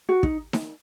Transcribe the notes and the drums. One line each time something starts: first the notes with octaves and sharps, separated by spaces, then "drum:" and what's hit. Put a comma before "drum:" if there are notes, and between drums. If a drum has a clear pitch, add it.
F#4
D#4, drum: kick
drum: snare D#4